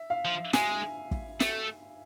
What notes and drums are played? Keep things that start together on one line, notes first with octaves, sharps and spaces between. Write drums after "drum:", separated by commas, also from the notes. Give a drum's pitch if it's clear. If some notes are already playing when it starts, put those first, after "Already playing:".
Already playing: E5
F5
F3
G#3 G#5, drum: snare
drum: kick
A3, drum: snare